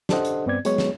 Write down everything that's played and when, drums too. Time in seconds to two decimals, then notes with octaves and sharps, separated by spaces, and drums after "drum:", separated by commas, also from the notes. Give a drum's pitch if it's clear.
0.09 D4 G4 A4 C5 D#5 F#5, drum: snare
0.25 drum: hi-hat
0.46 G2 B3 C4 D5 G#6
0.65 F#3 G#3 B3 G#4 C#5, drum: hi-hat
0.78 drum: snare